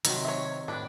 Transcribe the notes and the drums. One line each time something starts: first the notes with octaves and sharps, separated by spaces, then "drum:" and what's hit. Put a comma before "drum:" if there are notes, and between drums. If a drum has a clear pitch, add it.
C3 D#3 F#3 C4, drum: hi-hat
C#5 E5
A2 D4 B4